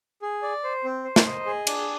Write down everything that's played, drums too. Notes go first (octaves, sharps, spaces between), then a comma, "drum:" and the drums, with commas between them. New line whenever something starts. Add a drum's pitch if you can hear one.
G#4
D5
C5
C4
C5
drum: snare
D#5
G#4
D4, drum: cymbal